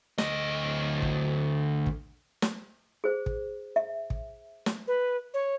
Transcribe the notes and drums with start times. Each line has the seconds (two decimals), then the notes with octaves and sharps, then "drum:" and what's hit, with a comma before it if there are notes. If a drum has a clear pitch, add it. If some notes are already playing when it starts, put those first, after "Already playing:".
0.18 D2 D#5, drum: snare
1.02 drum: kick
1.86 drum: kick
2.42 drum: snare
3.04 G#4 C5
3.26 drum: kick
3.76 E5
4.10 drum: kick
4.66 drum: snare
4.87 B4
5.34 C#5